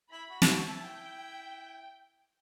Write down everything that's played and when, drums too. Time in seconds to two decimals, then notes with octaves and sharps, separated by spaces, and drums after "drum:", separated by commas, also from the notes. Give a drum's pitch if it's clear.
0.11 E4 B5
0.30 F#4
0.42 E4, drum: snare
0.49 F#4 A5
0.66 E4
0.85 G5